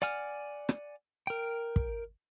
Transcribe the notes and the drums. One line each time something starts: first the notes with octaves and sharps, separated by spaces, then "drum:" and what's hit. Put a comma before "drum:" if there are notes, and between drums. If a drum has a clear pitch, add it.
D5 F#5 G#5 F6, drum: hi-hat
drum: rim click
A#4 G5
drum: kick